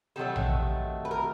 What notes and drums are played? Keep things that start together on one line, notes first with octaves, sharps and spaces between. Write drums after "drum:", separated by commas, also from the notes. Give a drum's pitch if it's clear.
C3 D#3 F#3 A3 A4
drum: tom A#1
B4
A#4